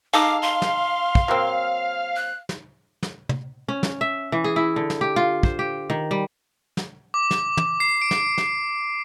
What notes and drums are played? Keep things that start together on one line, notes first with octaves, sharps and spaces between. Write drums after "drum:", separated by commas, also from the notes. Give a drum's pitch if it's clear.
D#4 G#4 A4 F5 D6
C6
drum: snare
drum: kick
F#3 A#3 C4
F#6
drum: snare
drum: snare
drum: tom
C#4
drum: snare
E5
E3
G#4
E4
D3
drum: snare
G4
F4
C5, drum: kick
G4
D#3
G3
drum: snare
D6
drum: snare
drum: tom
C7
D7
drum: snare
drum: snare